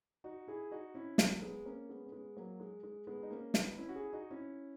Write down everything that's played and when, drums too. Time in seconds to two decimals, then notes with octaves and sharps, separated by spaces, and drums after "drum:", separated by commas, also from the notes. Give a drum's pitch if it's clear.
0.24 D#4 F#4
0.48 E4 G#4
0.71 D#4 F#4
0.94 C#4 E4
1.18 F#3 A#3, drum: snare
1.42 G#3 B3
1.65 A#3 C#4
1.89 G#3 B3
2.06 C#4
2.12 G#3 B3
2.37 F#3 A#3
2.60 G#3
2.83 G#3
3.07 G#3 B3
3.23 D#4
3.30 A#3 C#4
3.54 B3 D#4, drum: snare
3.78 C#4 E4
3.89 F#4
3.95 E4 G#4
4.13 D#4 F#4
4.30 C#4 E4